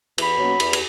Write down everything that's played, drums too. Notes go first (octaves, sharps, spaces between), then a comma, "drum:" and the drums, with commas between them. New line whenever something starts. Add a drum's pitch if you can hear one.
E2 B5, drum: cymbal
B2 F#3 A#3 C#4
E2, drum: cymbal
drum: cymbal